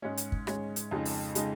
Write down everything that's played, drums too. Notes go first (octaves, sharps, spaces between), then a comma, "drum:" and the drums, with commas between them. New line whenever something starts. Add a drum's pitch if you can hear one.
G#2 G#3 C#4
drum: hi-hat
drum: kick
G#2 G#3 C#4, drum: rim click
drum: hi-hat
F2 C#3 G#3 D#4
drum: open hi-hat
C#3 G#3 D#4, drum: hi-hat